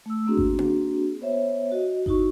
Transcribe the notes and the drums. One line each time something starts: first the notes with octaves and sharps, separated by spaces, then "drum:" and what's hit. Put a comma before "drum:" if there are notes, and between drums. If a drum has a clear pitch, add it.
A3 E6
A#3 C4 D4 F#4 G#4
drum: kick G#1
drum: tom A#3
B3 C5 C#5 E5
F#4 D#5
D#4 E4 F#4 C#6, drum: kick G#1